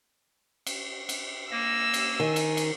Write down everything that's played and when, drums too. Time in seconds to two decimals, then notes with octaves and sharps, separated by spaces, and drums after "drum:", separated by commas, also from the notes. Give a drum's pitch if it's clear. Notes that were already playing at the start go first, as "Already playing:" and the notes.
0.67 drum: cymbal
1.09 drum: cymbal
1.51 A#3 E6 A#6
1.94 drum: cymbal
2.20 D#3 G#5
2.36 drum: cymbal
2.57 drum: cymbal